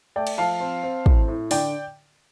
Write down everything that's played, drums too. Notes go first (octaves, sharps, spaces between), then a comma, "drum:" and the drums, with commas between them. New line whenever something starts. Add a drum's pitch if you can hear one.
A3 D5 G5
drum: cymbal
F3 F5 A5
C4
C4
A2, drum: kick
A2
D3 D5 G5, drum: open hi-hat